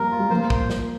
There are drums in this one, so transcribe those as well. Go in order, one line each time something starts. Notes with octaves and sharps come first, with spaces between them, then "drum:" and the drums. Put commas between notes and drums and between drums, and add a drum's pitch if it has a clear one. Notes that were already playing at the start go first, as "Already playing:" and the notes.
Already playing: F3 G3 A#3 A#4
F4
G3
F3 A#3 C5
drum: kick
drum: snare